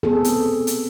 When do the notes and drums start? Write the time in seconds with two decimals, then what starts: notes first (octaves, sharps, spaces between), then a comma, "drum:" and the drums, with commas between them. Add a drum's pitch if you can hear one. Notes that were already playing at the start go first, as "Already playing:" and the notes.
0.03 B3 C4 G#4 A4
0.24 drum: hi-hat
0.67 drum: hi-hat